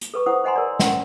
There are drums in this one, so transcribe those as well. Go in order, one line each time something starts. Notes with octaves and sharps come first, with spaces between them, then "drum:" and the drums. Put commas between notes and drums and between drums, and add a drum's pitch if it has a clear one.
drum: hi-hat
A4 B4 C#6
E4 C5 F#5 D#6
C5 D#5 F#5 G#5 A#5 C6
A#4 D5
C#4 F#5 C6, drum: snare